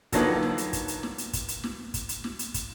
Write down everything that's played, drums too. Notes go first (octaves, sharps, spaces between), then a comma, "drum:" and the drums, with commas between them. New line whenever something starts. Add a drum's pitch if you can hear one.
D3 D#3 F3 F#3 A#3 B3, drum: kick, hi-hat
drum: snare
drum: hi-hat
drum: kick, hi-hat
drum: hi-hat
drum: snare
drum: hi-hat
drum: kick, hi-hat
drum: hi-hat
drum: snare
drum: kick, hi-hat
drum: hi-hat
drum: snare
drum: hi-hat
drum: kick, hi-hat